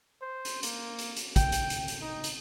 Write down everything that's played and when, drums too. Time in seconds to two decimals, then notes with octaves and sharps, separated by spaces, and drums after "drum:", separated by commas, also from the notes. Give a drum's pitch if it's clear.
0.21 C5
0.45 drum: hi-hat
0.63 A#3, drum: hi-hat
0.99 drum: hi-hat
1.16 drum: hi-hat
1.36 G5, drum: kick, hi-hat
1.52 drum: hi-hat
1.70 drum: hi-hat
1.88 drum: hi-hat
2.02 D#4
2.24 drum: hi-hat